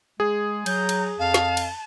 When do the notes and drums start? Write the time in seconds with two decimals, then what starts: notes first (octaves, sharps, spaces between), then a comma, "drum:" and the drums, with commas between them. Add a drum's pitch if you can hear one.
0.20 G#3 G#4
0.66 F#3 A#5 G6, drum: cymbal
0.89 drum: cymbal
1.19 F2 F5 A5
1.34 drum: snare
1.57 drum: cymbal